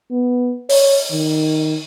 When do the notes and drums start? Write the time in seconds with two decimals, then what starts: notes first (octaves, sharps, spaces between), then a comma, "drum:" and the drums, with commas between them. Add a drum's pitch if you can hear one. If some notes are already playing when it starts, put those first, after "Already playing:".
0.11 B3
0.70 C#5, drum: open hi-hat
1.12 D#3